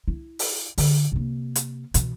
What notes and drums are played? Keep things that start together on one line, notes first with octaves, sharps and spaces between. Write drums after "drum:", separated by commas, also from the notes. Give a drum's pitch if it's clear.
E4
drum: open hi-hat
D3, drum: open hi-hat
C3 A#3
drum: hi-hat
B2 E3, drum: hi-hat